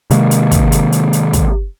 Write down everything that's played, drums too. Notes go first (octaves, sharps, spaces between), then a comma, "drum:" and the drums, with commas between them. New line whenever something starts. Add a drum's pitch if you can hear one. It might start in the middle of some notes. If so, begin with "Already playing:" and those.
C3 D#3 G#3 A#3, drum: hi-hat
drum: hi-hat
drum: kick, hi-hat
drum: hi-hat
drum: hi-hat
drum: hi-hat
drum: kick, hi-hat